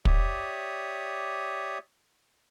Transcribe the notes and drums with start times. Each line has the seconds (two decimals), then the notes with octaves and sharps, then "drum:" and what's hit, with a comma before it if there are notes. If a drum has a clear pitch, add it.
0.05 G4 C#5 D5 E5 D#6, drum: kick